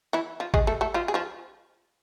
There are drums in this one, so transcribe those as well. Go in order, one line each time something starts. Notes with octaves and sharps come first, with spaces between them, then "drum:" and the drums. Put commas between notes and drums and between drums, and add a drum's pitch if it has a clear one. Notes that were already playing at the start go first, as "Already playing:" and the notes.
E3 E4
F3 F4
G#3 G#4, drum: kick
A3 A4
A3 A4
F3 F4
G#4
F3 F4